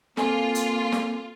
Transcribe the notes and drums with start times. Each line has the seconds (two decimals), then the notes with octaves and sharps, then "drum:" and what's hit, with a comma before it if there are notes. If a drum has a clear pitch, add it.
0.17 A#3 C4 F4 A4 G#5, drum: snare
0.55 drum: hi-hat
0.92 drum: snare